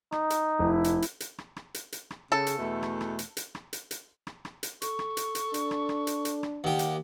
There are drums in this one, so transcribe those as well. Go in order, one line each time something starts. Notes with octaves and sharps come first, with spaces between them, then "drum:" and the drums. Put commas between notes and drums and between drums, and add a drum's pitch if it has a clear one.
D#4, drum: rim click
drum: hi-hat
F1 E4
drum: hi-hat
drum: hi-hat
drum: hi-hat
drum: rim click
drum: rim click
drum: hi-hat
drum: hi-hat
drum: rim click
C#3 A4
drum: hi-hat
E2 B2 A3
drum: rim click
drum: rim click
drum: hi-hat
drum: hi-hat
drum: rim click
drum: hi-hat
drum: hi-hat
drum: rim click
drum: rim click
drum: hi-hat
A4 C#6, drum: hi-hat
drum: rim click
drum: hi-hat
drum: hi-hat
D4, drum: hi-hat
drum: rim click
drum: rim click
drum: hi-hat
drum: hi-hat
drum: rim click
D#2 G4 F#5
drum: hi-hat